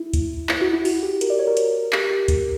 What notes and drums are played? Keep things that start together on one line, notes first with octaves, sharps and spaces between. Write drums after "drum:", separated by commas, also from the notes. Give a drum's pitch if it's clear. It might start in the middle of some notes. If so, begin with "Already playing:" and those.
Already playing: E4
drum: kick, hi-hat
E4, drum: clap
F#4
E4
F#4, drum: open hi-hat
G4
A#4, drum: hi-hat
D5
C#5
A#4
drum: hi-hat
G4, drum: clap
G4
drum: kick, hi-hat